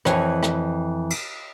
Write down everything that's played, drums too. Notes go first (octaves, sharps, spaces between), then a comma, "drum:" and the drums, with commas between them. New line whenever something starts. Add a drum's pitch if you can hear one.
F2 E3 C#5, drum: rim click
drum: rim click
drum: cymbal